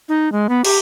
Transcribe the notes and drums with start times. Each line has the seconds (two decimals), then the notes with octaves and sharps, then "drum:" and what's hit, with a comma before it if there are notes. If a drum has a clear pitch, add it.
0.09 D#4
0.32 G#3
0.49 B3
0.65 G4, drum: cymbal